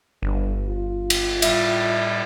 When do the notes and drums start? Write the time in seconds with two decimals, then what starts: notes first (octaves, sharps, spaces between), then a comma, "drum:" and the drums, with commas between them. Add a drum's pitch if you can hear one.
0.23 G1 G2
0.68 F4
1.10 drum: cymbal
1.42 A2 G3 E5, drum: cymbal